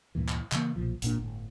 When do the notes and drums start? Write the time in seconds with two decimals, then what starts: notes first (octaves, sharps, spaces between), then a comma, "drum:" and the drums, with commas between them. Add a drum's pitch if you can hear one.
0.15 D2 G2 A#2 E3
0.29 drum: clap
0.52 C#3 E3 A#3, drum: clap
0.76 B1 A#2 F3
1.02 G#1 A#2 D4, drum: hi-hat
1.19 G1 A2